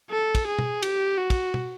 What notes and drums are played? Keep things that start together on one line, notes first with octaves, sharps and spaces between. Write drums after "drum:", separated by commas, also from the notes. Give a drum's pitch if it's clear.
A4
drum: kick, cymbal
G#4
drum: tom B2
G4, drum: cymbal
F#4
drum: kick, cymbal
drum: tom B2